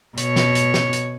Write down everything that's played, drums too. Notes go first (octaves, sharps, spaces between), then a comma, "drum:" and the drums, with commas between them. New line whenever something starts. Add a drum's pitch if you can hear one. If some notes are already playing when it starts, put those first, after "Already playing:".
B2 C#5, drum: hi-hat
drum: snare
drum: hi-hat
drum: snare
drum: hi-hat